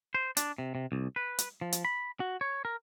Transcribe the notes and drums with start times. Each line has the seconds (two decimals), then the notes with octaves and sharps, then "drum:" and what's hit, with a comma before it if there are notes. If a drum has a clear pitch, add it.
0.15 C5
0.37 D4, drum: hi-hat
0.58 C3
0.75 C3
0.92 C2
1.16 B4
1.39 drum: hi-hat
1.61 F3
1.72 drum: hi-hat
1.85 B5
2.20 F#4
2.41 C#5
2.65 A#4